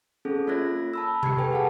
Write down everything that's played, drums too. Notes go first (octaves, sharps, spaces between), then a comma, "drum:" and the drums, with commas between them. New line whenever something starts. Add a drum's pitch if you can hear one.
C4 C#4 G#4 A4
A#3 F4 C#5 F#6 G#6 A#6
A5 B5 E6
G4 G#6 C7 C#7, drum: tom C3
A4 B4 G5 G#5
G#4 F#5 A5